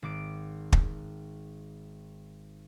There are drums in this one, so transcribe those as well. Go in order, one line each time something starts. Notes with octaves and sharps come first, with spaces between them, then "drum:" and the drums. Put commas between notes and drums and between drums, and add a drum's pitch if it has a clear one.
G#1 D6 D7
drum: kick